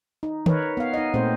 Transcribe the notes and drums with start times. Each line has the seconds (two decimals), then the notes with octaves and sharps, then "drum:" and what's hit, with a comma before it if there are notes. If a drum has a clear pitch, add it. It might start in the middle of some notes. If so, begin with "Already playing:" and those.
0.23 D#4
0.46 D#4 A#4 B4 C#5, drum: tom D#3
0.77 B3 F5
0.94 D#4 D#5
1.14 A#2 A3 C4 C5